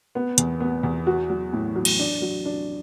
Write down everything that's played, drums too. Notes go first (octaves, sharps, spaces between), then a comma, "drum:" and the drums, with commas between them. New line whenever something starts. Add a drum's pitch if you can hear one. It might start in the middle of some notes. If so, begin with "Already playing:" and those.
B3
E2, drum: hi-hat
B3
E2
F#4
F#3
A2
F#3
drum: cymbal
D4
F#3
D4